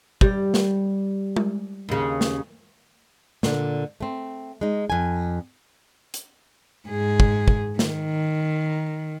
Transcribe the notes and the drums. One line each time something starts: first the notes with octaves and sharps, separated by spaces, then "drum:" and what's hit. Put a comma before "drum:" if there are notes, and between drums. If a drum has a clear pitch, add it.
G3, drum: kick
drum: snare
drum: tom G#3
D#2 C#3
drum: snare
A#2 D3, drum: snare
A3 C4
G#3 D#4
F2 G#5
drum: hi-hat
G#2 G#4
drum: kick
drum: kick
D#3, drum: snare